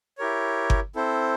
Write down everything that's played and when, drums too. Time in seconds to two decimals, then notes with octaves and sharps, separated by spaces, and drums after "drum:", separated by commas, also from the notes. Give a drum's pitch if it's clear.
0.18 E4 G4 A#4 C#5
0.70 drum: kick G1
0.96 C4 E4 A4 C5